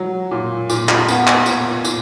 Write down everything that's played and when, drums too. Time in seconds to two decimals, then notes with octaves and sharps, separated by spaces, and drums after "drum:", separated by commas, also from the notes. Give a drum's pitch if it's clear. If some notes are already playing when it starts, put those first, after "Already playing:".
Already playing: F#3
0.31 A#2
0.69 A#2, drum: tambourine
0.89 drum: clap
1.08 B3, drum: tambourine
1.27 drum: clap
1.46 A#2, drum: tambourine
1.85 A#2, drum: tambourine